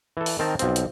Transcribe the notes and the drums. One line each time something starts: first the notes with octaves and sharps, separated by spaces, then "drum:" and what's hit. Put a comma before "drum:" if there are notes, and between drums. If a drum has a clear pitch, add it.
E3 A4
drum: open hi-hat
D#3 C4 A#4 A5 A#5
B1 F3 C4, drum: hi-hat
drum: hi-hat